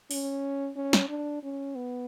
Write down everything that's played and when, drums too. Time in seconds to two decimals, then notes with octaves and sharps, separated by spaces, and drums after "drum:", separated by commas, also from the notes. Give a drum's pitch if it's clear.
0.11 C#4, drum: open hi-hat
0.76 C#4
0.93 drum: snare
1.09 D4
1.43 C#4
1.76 B3